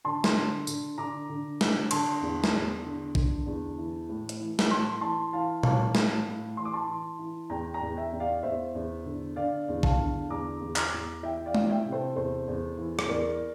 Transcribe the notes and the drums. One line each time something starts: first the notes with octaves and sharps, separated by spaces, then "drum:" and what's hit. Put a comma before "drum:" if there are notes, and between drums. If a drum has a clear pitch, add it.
D3 A5 C6
drum: snare
D3
D3, drum: tambourine
D3 A#5 D6
D3
D3, drum: snare
D3 A5 C6, drum: cymbal
E2
drum: snare
E2
D3
D3, drum: kick
E2
E3
A2
drum: hi-hat
E3
drum: snare
A2 A5 C6
E3 A5 C6
E3 F5 A5
E3 F5 A5, drum: tom A#2
A2, drum: snare
A2
E3 C6
D6
A5 C6
E3
E3
E2 G5 A#5
G5 A#5
E2
E5 G5
E2
D5 F5
E2 C5 E5
E2
D3
D3 D5 F5
E2
F5 A5, drum: kick
D3
E2 A#5 D6
E2
A#5 D6, drum: clap
E2
E3 E5 G5
D5 F5
E3, drum: tom
E5 G5
C3
A4 C5
E2 A4 C5
E2
E3
drum: rim click
E2 A#4 D5